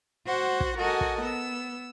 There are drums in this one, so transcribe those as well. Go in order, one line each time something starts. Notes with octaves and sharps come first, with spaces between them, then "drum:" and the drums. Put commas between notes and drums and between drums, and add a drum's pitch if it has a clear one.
F#4 C5 F#5
drum: kick
F#4 A4 A#4 D#5 F#5 G#5
drum: kick
B3 E6